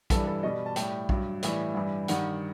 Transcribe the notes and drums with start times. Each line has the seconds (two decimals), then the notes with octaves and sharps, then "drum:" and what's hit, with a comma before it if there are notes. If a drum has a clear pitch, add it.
0.10 G2 E3 G3 A4, drum: kick A#1, hi-hat
0.27 A4
0.43 B2 G3 D#5
0.66 A5
0.76 A2 G3 G5, drum: hi-hat
1.09 G2 F#3, drum: kick A#1
1.43 A2 E3 G3, drum: hi-hat
1.74 G2 E3 G3
2.08 G2 D#3 G3 F#5, drum: hi-hat